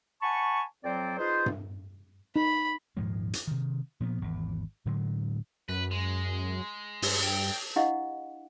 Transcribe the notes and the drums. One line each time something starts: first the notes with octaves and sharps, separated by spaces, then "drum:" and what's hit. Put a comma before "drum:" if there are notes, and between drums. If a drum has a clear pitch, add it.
F#5 G#5 A5 B5 C#6
F2 F#3 C4 C5 D5
D#4 F4 G#4 B4 C5
drum: tom G2
D#4 B5
D#1 G#2 F3 G#3
drum: hi-hat
C3 D#3
A#2 F3 B3
G#1 E2
A2 D3 F#3 G#3
F#2 B4
G#3
G2, drum: open hi-hat
G5
D4 E4 G4 D#5 F5 F#5